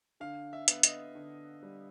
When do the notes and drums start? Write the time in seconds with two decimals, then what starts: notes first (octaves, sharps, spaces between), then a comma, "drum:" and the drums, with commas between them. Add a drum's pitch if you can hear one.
0.20 D3 F5
0.53 E5
0.68 B3, drum: hi-hat
0.83 D#5, drum: hi-hat
1.15 D3
1.63 G3